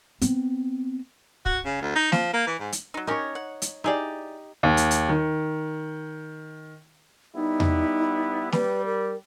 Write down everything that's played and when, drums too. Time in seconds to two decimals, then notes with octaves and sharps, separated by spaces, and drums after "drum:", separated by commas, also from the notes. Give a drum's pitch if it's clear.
0.21 B3 C4, drum: hi-hat
1.46 F#4, drum: kick
1.65 C#3
1.81 D2
1.95 D#4
2.12 F3, drum: snare
2.34 A#3
2.47 E3
2.59 G#2
2.72 drum: hi-hat
2.94 F#3 D#4
3.07 C#4 D#4 G4 A#4 C#5
3.35 F#5
3.62 drum: hi-hat
3.84 D#4 E4 G4 G#4 D5
4.63 D#2
4.77 drum: hi-hat
4.91 drum: hi-hat
5.09 D#3
7.36 G3 B3 D#4 E4
7.60 drum: tom E2
8.52 G3 B4, drum: snare
8.85 A#4